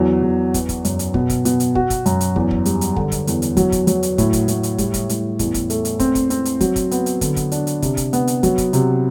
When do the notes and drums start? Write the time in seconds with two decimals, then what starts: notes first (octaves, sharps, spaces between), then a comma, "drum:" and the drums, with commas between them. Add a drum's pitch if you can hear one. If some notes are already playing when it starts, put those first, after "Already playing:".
Already playing: E2 F#3
0.23 E2
0.54 B3, drum: kick, hi-hat
0.69 drum: kick, hi-hat
0.85 F#2, drum: hi-hat
0.99 drum: hi-hat
1.14 B2, drum: kick
1.30 drum: kick, hi-hat
1.45 B2, drum: hi-hat
1.60 drum: hi-hat
1.75 F#4, drum: kick
1.90 drum: kick, hi-hat
2.06 F#2, drum: hi-hat
2.21 drum: hi-hat
2.36 E2, drum: kick
2.51 drum: kick
2.65 G3, drum: hi-hat
2.81 drum: hi-hat
2.96 D3, drum: kick
3.12 drum: kick, hi-hat
3.27 E2, drum: hi-hat
3.42 drum: hi-hat
3.57 F#3, drum: kick, hi-hat
3.72 drum: kick, hi-hat
3.87 F#3, drum: hi-hat
4.03 drum: hi-hat
4.18 A2, drum: kick, hi-hat
4.33 drum: kick, hi-hat
4.48 A2, drum: hi-hat
4.63 drum: hi-hat
4.78 G3, drum: kick, hi-hat
4.94 drum: kick, hi-hat
5.09 A2, drum: hi-hat
5.39 E2, drum: kick, hi-hat
5.54 drum: kick, hi-hat
5.70 A3, drum: hi-hat
5.85 drum: hi-hat
6.00 C4, drum: kick, hi-hat
6.15 drum: kick, hi-hat
6.30 C4, drum: hi-hat
6.45 drum: hi-hat
6.61 F#3, drum: kick, hi-hat
6.76 drum: kick, hi-hat
6.91 B3, drum: hi-hat
7.06 drum: hi-hat
7.21 D3, drum: kick, hi-hat
7.36 drum: kick, hi-hat
7.52 D4, drum: hi-hat
7.67 drum: hi-hat
7.82 C3, drum: kick, hi-hat
7.97 drum: kick, hi-hat
8.13 B3, drum: hi-hat
8.27 drum: hi-hat
8.43 F#3, drum: kick, hi-hat
8.58 drum: kick, hi-hat
8.73 C3, drum: hi-hat